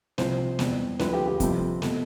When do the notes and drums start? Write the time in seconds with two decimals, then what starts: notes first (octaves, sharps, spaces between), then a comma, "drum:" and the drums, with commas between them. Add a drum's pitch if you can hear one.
0.18 C2 C3 F3 C4 C5, drum: snare
0.59 E2 B2 G3, drum: snare
0.99 D2 D3 F3 A3 C4 B4, drum: snare
1.13 G4
1.27 G4
1.40 F2 C3 F3 C4, drum: kick, hi-hat
1.82 B2 A3, drum: snare